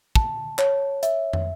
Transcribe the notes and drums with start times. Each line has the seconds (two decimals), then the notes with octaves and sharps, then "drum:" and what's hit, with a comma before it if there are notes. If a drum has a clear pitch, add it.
0.15 A5, drum: kick
0.59 C#5, drum: clap
1.03 E5, drum: hi-hat
1.33 drum: tom